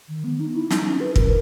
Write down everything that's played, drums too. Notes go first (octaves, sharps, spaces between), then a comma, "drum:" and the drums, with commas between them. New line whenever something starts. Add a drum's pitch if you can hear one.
D#3
B3
D#4
E4
D#4, drum: snare
C#4
B4
A#4, drum: kick